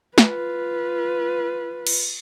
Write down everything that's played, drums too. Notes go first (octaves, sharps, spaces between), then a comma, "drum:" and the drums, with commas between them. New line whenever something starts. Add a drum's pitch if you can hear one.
F4 B4, drum: snare
drum: cymbal